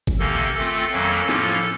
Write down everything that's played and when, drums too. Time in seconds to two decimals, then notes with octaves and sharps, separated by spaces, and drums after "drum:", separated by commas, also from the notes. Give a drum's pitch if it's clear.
0.07 drum: kick G1
0.19 C3 D#3 A#3 C#4 A4
0.55 D#3 A3 C4 F4 A4
0.92 F2 D#3 F#3 A#3 C#4
1.29 A2 F3 A#3 C#4 F4, drum: snare